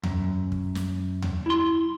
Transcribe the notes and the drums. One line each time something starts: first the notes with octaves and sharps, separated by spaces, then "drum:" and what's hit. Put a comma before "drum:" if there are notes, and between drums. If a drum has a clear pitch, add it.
F#2, drum: tom D#2
drum: kick
drum: snare
drum: tom D#2
E4 C6